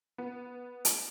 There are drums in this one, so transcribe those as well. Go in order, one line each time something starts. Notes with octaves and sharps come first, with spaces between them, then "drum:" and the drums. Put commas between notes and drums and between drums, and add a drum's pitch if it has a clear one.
B3
drum: hi-hat